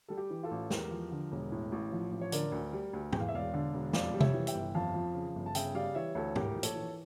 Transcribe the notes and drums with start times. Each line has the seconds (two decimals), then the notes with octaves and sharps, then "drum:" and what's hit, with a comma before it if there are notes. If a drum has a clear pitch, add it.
0.08 G3 A4
0.18 G4
0.30 E3
0.43 F4 A4
0.51 A1
0.70 E2 G4 A#4, drum: snare
0.91 F3
1.11 D3
1.32 E1
1.52 A2
1.72 A1
1.92 F3
2.11 A1
2.21 C#5
2.32 D3 A#4 D5, drum: hi-hat
2.52 D2
2.73 G3
2.93 D2
3.13 E2 G5, drum: tom
3.20 F5
3.28 E5
3.34 E1 D5 F5
3.54 D3
3.74 E1
3.93 F2 D5 F5, drum: snare
4.14 G3
4.20 C#5 E5, drum: tom C3
4.34 E3
4.47 E5 G5, drum: hi-hat
4.55 G1
4.75 F2 F5 A5
4.94 F3
5.14 C#3
5.36 G1
5.46 A5
5.55 C#3 E5 G5, drum: hi-hat
5.75 G3 D5 F5
5.95 E3 C#5 E5
6.15 D2 A4 C#5
6.36 A2 G4 A#4, drum: tom
6.56 A#1
6.63 A4 C#5, drum: hi-hat
6.76 E3